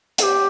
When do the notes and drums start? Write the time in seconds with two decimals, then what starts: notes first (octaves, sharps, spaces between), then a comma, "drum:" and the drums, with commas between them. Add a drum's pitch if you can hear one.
0.18 A4, drum: hi-hat
0.22 G4